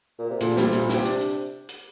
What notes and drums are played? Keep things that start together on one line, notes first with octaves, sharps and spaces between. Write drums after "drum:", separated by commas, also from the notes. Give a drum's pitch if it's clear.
A#2
C3
A#2 D3, drum: hi-hat
G3, drum: snare
C3
A#2, drum: hi-hat
G4, drum: snare
D4, drum: hi-hat
drum: hi-hat
drum: hi-hat